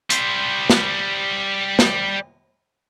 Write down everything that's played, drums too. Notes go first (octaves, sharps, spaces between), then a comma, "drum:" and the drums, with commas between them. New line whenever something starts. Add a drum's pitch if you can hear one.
G3 C5, drum: hi-hat
drum: snare
drum: snare